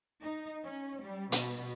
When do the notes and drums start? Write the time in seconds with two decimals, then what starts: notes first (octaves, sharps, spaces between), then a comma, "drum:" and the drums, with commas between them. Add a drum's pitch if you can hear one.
0.22 D#4
0.64 C#4
1.03 G3
1.32 B2, drum: hi-hat